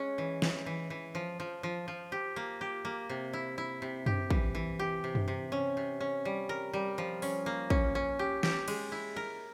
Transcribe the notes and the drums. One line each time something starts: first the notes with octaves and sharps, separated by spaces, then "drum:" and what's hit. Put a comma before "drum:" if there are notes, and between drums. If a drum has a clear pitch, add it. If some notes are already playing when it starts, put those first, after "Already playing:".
Already playing: G#3 C#4
E3
E3, drum: snare
E3
E3
F3
F3
F3
F3
G4
A#3
G4
A#3
C3
E4
E4
C3
G4, drum: tom F#2
E3, drum: kick
E3
G4
C3
drum: tom F#2
C3
C#4
C3
C#4
G3
A#4
G3
F3
C#4, drum: open hi-hat
A#3
C#4, drum: kick
C#4
G4
G4, drum: snare
G#3, drum: cymbal
E4
A#4